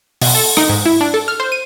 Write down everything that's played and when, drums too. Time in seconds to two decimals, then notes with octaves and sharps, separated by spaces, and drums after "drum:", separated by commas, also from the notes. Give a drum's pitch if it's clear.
0.22 B2, drum: open hi-hat
0.35 A4
0.57 D#4, drum: rim click
0.69 G#2
0.86 E4
1.01 D4
1.14 A4
1.28 F6
1.40 C5
1.52 D#7